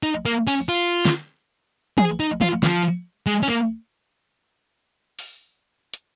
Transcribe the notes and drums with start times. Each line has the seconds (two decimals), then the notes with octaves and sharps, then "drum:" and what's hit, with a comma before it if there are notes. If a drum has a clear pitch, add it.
0.03 D#4
0.25 A#3
0.47 C#4, drum: open hi-hat
0.69 F4
1.05 drum: snare
1.98 G#4, drum: tom E3
2.20 D#4
2.41 F4, drum: tom
2.63 F3, drum: snare
3.26 G#3
3.43 C#4
3.48 A#3
5.19 drum: open hi-hat
5.94 drum: hi-hat